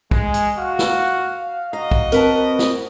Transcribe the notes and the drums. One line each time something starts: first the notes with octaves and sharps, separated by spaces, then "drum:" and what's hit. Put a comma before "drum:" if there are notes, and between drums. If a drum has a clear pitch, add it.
G#3, drum: kick
drum: hi-hat
F#4 F5
drum: snare
F#4 D#5 F5 A#5
drum: kick
C4 A#4 B4 A5, drum: hi-hat
drum: snare